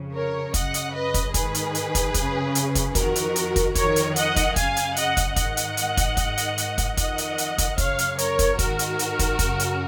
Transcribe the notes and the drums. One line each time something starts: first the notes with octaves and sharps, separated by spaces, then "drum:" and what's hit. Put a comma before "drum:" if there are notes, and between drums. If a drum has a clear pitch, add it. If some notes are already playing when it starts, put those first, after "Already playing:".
Already playing: F2 C#3
A#4 C#5
F#2 C#3 D#5 F#5, drum: kick, hi-hat
drum: hi-hat
B4 D#5
drum: kick, hi-hat
G#2 D#3 G#4 B4, drum: kick, hi-hat
drum: hi-hat
drum: hi-hat
drum: kick, hi-hat
F#2 C#3, drum: kick, hi-hat
drum: hi-hat
drum: kick, hi-hat
F2 D#3 F#4 A#4, drum: kick, hi-hat
drum: hi-hat
drum: hi-hat
drum: kick, hi-hat
F2 D#3 A#4 C#5, drum: kick, hi-hat
drum: hi-hat
D#5 F#5, drum: hi-hat
drum: kick, hi-hat
F#2 C#3 F5 G#5, drum: kick, hi-hat
drum: hi-hat
D#5 F#5, drum: hi-hat
drum: kick, hi-hat
G#2 D#3 D#5 F#5, drum: kick, hi-hat
drum: hi-hat
drum: hi-hat
drum: kick, hi-hat
G#2 D#3, drum: kick, hi-hat
drum: hi-hat
drum: hi-hat
drum: kick, hi-hat
F2 D#3 D#5 F#5, drum: kick, hi-hat
drum: hi-hat
drum: hi-hat
drum: kick, hi-hat
F#2 C#3 C#5 F5, drum: kick, hi-hat
drum: hi-hat
A#4 C#5, drum: hi-hat
drum: kick, hi-hat
G#2 D#3 F#4 A#4, drum: kick, hi-hat
drum: hi-hat
drum: hi-hat
drum: kick, hi-hat
F#2 C#3, drum: kick, hi-hat
drum: hi-hat